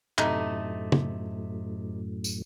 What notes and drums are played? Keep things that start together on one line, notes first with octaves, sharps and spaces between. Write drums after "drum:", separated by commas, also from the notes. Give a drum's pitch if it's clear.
F#2 A2 C3 A3 D#4, drum: clap
drum: tom
drum: tambourine